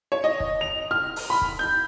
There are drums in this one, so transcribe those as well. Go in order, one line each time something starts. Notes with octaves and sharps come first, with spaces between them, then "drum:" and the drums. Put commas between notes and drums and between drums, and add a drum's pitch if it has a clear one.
C#5
D#5
drum: kick
F7
F6
drum: open hi-hat
B5
drum: kick
G6